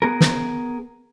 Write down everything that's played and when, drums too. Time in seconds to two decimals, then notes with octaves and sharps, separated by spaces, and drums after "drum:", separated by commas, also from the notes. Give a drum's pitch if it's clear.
0.02 B3 G#4 A#4
0.21 drum: snare